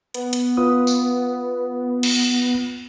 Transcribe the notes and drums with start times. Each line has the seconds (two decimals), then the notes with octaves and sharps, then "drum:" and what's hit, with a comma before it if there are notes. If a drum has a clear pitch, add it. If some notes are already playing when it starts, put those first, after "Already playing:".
0.14 B3, drum: hi-hat
0.33 drum: hi-hat
0.57 F4 B4 D#6
0.87 drum: tambourine
2.03 drum: cymbal